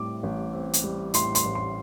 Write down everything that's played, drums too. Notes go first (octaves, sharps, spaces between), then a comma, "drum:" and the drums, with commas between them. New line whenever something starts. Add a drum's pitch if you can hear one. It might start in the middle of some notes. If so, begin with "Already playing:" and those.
Already playing: A2 G3 C4 D6
A1
C4
drum: hi-hat
G3
A2 C6, drum: hi-hat
C6, drum: hi-hat
A1
C6